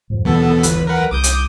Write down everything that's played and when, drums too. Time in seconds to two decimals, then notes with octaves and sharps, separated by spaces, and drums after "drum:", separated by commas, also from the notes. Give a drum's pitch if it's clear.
0.10 F2 G#2
0.25 D#2 B2 E3 F#3 B3 A4
0.63 G1 B4, drum: hi-hat
0.87 A#4 B4 F#5
1.11 C2 D6 D#6 G6
1.24 drum: hi-hat